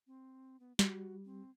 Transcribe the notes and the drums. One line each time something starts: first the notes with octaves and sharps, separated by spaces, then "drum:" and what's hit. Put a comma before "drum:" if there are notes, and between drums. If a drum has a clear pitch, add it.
C4
B3
G3 F#4, drum: snare
C4